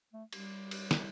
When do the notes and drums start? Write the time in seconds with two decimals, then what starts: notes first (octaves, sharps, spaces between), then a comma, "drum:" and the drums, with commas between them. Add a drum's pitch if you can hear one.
0.13 A3
0.33 G3, drum: cymbal
0.71 drum: cymbal
0.91 drum: snare